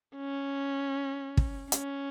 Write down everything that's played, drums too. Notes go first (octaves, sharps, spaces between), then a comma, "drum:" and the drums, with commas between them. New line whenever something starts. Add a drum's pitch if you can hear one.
C#4
drum: kick
C#4, drum: hi-hat